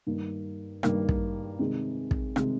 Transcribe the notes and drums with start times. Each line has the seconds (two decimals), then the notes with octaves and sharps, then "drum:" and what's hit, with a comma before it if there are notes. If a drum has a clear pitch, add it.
0.07 G2 D#3 A#3
0.83 G2 D#3 A#3, drum: rim click
1.09 drum: kick
1.59 C3 D#3 G#3
2.11 drum: kick
2.36 C3 D#3 G#3, drum: rim click